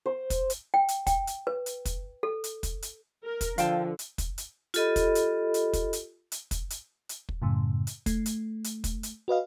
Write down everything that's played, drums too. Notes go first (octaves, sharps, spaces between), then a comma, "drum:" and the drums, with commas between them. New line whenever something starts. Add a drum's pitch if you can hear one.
C5
drum: kick, hi-hat
drum: hi-hat
G5
drum: hi-hat
G5, drum: kick, hi-hat
drum: hi-hat
B4
drum: hi-hat
drum: kick, hi-hat
A4
drum: hi-hat
drum: kick, hi-hat
drum: hi-hat
A#4
drum: kick, hi-hat
D3 F3 F5 G5 A5, drum: hi-hat
drum: hi-hat
drum: kick, hi-hat
drum: hi-hat
F4 G4 A4 D#5 B5, drum: hi-hat
drum: kick, hi-hat
drum: hi-hat
drum: hi-hat
drum: kick, hi-hat
drum: hi-hat
drum: hi-hat
drum: kick, hi-hat
drum: hi-hat
drum: hi-hat
drum: kick
F#2 A2 C#3
drum: hi-hat
A3, drum: kick, hi-hat
drum: hi-hat
drum: hi-hat
drum: kick, hi-hat
drum: hi-hat
F#4 B4 D#5 F5